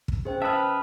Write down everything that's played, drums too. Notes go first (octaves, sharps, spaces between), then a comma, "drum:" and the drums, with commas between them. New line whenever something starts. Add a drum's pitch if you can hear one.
drum: kick
C#3 B3 G#4 C5 G5
B4 E5 A5 D#6 F6